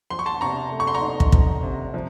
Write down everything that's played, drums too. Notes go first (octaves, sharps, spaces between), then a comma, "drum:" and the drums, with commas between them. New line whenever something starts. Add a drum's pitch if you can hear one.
F3 C6
C#6
A5 C6
C3 A#5 C#6
A3
C#6
C6
A#5 C#6
D#4
drum: kick
F3, drum: kick
C3
F3